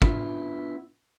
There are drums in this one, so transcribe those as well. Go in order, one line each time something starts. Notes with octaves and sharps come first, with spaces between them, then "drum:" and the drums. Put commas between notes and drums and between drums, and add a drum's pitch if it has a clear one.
B3 C#4 D4 E4 F4, drum: kick